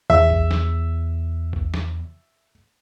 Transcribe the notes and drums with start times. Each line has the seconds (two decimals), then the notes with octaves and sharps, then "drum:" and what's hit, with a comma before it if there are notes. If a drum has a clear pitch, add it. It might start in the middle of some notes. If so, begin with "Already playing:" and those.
0.10 E2 E5
0.30 drum: kick
0.51 drum: snare
1.53 drum: kick
1.74 drum: snare